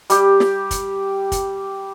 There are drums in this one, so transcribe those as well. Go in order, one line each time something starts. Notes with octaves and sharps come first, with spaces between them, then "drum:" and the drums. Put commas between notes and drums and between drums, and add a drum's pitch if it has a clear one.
G3 G4, drum: hi-hat
drum: snare
drum: kick, hi-hat
drum: kick, hi-hat